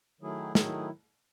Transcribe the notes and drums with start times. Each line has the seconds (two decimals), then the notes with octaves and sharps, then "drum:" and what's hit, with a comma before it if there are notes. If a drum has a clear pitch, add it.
0.21 D#3 F#3 A3 E4 G#4
0.55 D#3 F#3 A3 E4 G#4, drum: snare